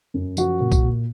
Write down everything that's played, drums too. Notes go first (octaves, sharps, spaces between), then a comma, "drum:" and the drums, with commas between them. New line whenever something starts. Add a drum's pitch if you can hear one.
F#2
F3 F#4, drum: tambourine
A#2
drum: kick B1, tambourine
A#2